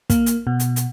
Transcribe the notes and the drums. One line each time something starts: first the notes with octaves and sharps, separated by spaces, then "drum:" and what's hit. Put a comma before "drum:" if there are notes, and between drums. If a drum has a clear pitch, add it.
A#3, drum: kick, hi-hat
drum: hi-hat
B2
drum: hi-hat
drum: hi-hat